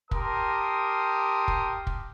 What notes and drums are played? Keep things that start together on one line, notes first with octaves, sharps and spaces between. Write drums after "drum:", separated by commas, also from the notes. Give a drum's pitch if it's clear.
G4 A#4 A5 C6 D#6, drum: kick
drum: kick
drum: kick